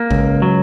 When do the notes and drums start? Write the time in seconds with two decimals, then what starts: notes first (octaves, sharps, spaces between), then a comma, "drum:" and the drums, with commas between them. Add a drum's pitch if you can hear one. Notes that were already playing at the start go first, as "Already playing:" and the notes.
Already playing: A#3
0.11 C#2, drum: kick A1
0.42 F#3